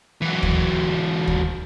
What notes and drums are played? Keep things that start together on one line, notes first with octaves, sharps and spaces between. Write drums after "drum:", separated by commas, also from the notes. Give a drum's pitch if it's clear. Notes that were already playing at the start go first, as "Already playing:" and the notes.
E3 F#3
drum: kick
drum: kick